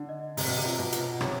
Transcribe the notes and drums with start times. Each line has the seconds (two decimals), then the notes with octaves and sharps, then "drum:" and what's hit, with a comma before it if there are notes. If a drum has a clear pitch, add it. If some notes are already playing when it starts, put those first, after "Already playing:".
Already playing: D3
0.09 D#5
0.37 C3 D#5, drum: open hi-hat
0.47 B2
0.57 C3
0.65 F4
0.79 B2
0.92 F4, drum: hi-hat
1.21 C3 C#5, drum: rim click